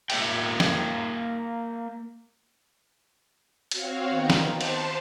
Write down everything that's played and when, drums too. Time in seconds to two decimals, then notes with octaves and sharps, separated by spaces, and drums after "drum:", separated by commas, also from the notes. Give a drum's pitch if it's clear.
0.10 A#3 E5 G5, drum: cymbal
0.60 drum: snare
3.71 C4 F#4 C#5 F5, drum: hi-hat
4.08 D#3 B3 G5 A#5
4.30 drum: snare
4.49 C5 A5
4.61 drum: cymbal